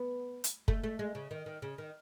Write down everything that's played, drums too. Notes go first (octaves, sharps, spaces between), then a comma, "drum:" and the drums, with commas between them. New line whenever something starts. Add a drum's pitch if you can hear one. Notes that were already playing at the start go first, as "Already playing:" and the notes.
Already playing: B3
drum: hi-hat
A3, drum: kick
A3
G#3
C#3
D#3
D#3
C#3
D#3